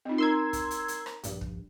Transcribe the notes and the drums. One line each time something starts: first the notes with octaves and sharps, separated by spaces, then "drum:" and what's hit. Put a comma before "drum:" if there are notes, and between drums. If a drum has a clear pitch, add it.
C4 D#4 F4 D#5
D#4 A#4 A#5 C6 E6 G#6
drum: kick, hi-hat
drum: hi-hat
drum: hi-hat
drum: rim click
A#1 G2, drum: hi-hat
drum: kick